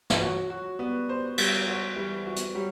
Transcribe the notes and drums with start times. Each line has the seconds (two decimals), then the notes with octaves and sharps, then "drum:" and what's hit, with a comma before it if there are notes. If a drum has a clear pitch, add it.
0.10 drum: snare
0.20 F#3 F#4
0.50 F#3 F#4
0.79 G3 B3
1.09 C5
1.38 F#3 G3, drum: cymbal
1.67 F#4
1.96 E3 G3
2.26 F#4
2.36 drum: hi-hat
2.55 F#3 G3